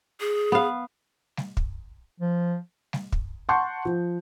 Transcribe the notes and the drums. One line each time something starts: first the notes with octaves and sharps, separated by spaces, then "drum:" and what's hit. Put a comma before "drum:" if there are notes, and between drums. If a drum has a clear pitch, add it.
G#4
B3 F5
drum: snare G3
drum: kick
F3
drum: snare G3
drum: kick
F#5 A5 C6 C#6 G6
F3